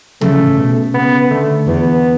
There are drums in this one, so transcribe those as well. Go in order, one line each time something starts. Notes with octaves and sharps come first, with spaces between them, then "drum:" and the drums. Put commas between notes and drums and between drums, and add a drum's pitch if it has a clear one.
C#3 A3, drum: tom
B2
C#3 B3
D3 A3
E2 B3